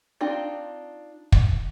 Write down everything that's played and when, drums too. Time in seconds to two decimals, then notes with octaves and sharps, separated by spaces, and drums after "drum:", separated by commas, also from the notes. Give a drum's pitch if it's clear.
0.21 C4 D4 D#4 F4
1.32 drum: kick